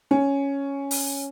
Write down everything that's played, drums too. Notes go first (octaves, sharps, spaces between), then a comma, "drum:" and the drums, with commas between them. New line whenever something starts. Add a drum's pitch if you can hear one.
C#4
drum: open hi-hat